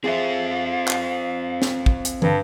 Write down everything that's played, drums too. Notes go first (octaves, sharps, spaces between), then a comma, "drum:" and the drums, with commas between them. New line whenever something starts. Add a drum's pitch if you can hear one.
C4 F4 G#4 C5 E5 F5
drum: clap
drum: snare
drum: kick
drum: hi-hat
G2 D3, drum: tom